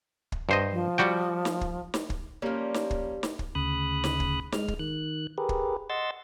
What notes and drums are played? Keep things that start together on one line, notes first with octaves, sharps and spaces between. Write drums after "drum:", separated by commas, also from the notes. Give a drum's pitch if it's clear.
drum: kick
G2 C5 D#5
F3
G3 F#4 G5
drum: snare
drum: kick
drum: snare
drum: kick
F3 G3 A#3 C#4
drum: snare
drum: kick
drum: snare
drum: kick
D2 C#3 B5 D#6 F#6
drum: snare
drum: kick
G#3 F6, drum: snare
drum: kick
D#3 F#6
G4 G#4 A#4 B4
drum: kick
D#5 F#5 C6 E6 A6